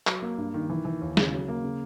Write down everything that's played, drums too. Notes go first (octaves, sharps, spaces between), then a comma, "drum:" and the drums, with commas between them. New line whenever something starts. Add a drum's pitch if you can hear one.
F#3, drum: clap
A#3
G2
D#3
E3
E3
D#2
C#3, drum: snare
F#3
A#3
C#3